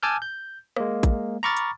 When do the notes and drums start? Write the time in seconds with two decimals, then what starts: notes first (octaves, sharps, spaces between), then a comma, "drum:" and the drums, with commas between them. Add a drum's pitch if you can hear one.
0.03 G#5 A5 D6 E6 F6 G6
0.22 G6
0.76 G#3 A#3, drum: rim click
1.03 drum: kick A1, hi-hat
1.43 A#5 B5 C#6 D6 F6 A6
1.57 drum: hi-hat